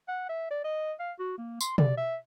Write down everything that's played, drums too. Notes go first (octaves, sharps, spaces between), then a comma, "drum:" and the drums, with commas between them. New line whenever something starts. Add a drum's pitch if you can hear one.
F#5
E5
D5
D#5
F5
F#4
A#3
C6, drum: tambourine
D5, drum: tom
E5